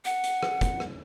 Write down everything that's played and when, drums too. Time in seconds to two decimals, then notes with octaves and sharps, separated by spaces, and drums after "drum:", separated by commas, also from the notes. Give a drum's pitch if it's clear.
0.05 F#5, drum: hi-hat
0.24 drum: hi-hat
0.43 drum: rim click
0.61 drum: kick, hi-hat
0.80 drum: rim click